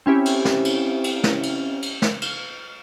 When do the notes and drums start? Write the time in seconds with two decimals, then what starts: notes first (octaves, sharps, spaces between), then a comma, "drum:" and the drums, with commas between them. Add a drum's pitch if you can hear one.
0.06 C4 C#4 E4 G4
0.25 drum: cymbal
0.45 drum: snare
0.65 drum: cymbal
1.04 drum: cymbal
1.24 drum: snare
1.43 drum: cymbal
1.82 drum: cymbal
2.02 drum: snare
2.22 drum: cymbal